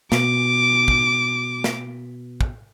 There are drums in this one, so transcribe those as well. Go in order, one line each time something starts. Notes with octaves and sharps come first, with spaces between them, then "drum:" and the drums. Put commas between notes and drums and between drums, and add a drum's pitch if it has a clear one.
B2 D6, drum: snare
drum: kick
drum: snare
drum: kick